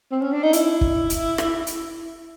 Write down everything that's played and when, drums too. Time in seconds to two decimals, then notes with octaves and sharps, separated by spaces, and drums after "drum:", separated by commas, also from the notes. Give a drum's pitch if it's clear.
0.12 C4
0.22 C#4
0.33 D4
0.43 D#4
0.53 E4, drum: hi-hat
0.81 drum: kick
1.10 drum: hi-hat
1.38 drum: rim click
1.67 drum: hi-hat